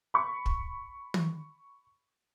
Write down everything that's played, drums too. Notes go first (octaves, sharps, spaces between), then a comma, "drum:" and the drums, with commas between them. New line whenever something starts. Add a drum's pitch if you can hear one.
B5 C#6
drum: kick
drum: tom